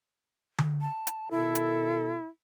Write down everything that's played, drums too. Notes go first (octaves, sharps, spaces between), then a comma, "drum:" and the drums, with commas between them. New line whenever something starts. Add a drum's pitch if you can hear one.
drum: tom D3
A5
drum: hi-hat
B2 D#3 E4 A4
drum: hi-hat